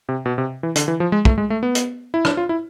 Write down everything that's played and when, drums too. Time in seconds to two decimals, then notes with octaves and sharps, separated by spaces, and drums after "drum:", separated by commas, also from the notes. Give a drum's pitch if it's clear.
0.09 C3
0.26 B2
0.38 C3
0.63 E3
0.76 D3, drum: hi-hat
0.88 E3
1.00 F3
1.12 G#3
1.25 A3, drum: kick
1.38 G#3
1.50 A3
1.63 B3
1.75 drum: hi-hat
2.14 E4
2.25 D4, drum: rim click
2.37 F4
2.49 E4